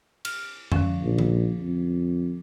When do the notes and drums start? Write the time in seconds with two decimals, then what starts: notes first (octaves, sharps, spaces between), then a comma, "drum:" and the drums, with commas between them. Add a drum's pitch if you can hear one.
0.25 F6, drum: cymbal
0.72 D3 F3 C#4, drum: tom F2
1.03 A#1
1.18 drum: tom D3
1.61 F2